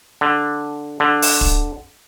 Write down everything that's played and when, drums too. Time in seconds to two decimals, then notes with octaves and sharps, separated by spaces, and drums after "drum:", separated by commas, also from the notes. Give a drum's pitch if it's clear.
0.21 D3
1.00 D3
1.22 drum: open hi-hat
1.41 drum: kick